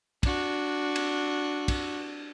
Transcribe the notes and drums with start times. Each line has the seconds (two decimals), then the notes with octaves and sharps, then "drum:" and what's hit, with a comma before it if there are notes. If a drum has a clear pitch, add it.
0.23 D4 F#4, drum: kick, cymbal
0.96 drum: cymbal
1.68 drum: kick, cymbal